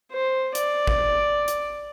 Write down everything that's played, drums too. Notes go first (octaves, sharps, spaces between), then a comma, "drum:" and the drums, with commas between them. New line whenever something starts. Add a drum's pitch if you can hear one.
C5
D5, drum: hi-hat
drum: kick
drum: hi-hat